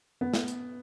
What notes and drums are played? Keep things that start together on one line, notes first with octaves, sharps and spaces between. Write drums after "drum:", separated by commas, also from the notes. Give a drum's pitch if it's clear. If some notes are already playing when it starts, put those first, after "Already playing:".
B3
drum: snare
drum: hi-hat